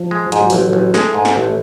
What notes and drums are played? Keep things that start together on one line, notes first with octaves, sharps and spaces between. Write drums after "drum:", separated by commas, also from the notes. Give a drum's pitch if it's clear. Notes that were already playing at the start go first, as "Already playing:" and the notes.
Already playing: F3
G#3
G#2 G#3, drum: hi-hat
F#3
A1 F3, drum: open hi-hat
F#3
A1
G#3 A3, drum: snare
G#2
drum: snare
A1